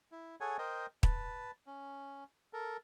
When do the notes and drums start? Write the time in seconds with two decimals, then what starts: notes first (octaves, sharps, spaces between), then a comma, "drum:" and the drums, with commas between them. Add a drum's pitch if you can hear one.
0.12 E4
0.41 G#4 A4 C#5 F#5 G#5
0.58 A#4 C5 D#5 G5
1.03 B4 A5, drum: kick
1.67 C#4
2.53 A4 A#4